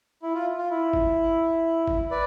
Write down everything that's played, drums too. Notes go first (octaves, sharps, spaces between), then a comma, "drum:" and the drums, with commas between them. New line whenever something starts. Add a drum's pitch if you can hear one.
E4
F4
F4
E4
drum: kick
drum: kick
B4 D5